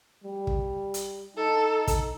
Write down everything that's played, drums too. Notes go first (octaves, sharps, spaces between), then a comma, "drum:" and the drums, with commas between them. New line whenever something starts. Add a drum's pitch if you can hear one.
G3
drum: kick
drum: hi-hat
D#4 A4
drum: kick, hi-hat